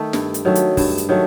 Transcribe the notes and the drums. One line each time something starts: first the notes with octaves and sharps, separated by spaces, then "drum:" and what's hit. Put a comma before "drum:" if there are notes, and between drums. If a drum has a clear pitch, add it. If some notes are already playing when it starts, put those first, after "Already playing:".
Already playing: D#3 A3
G2, drum: snare
drum: hi-hat
D#3 F#3 A3
drum: hi-hat
G2, drum: kick, open hi-hat
drum: hi-hat
D#3 F#3 A3